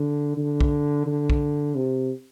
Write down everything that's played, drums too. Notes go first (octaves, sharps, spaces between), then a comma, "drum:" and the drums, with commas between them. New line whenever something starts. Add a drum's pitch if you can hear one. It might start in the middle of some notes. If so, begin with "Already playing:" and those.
Already playing: D3
D3
drum: kick
D3
drum: kick
C3